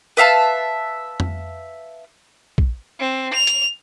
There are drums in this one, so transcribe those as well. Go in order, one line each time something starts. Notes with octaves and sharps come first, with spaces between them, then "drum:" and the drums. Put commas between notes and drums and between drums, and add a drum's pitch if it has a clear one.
B4 E5 F5 A5
drum: tom F2
drum: kick B1
C4
F7
drum: hi-hat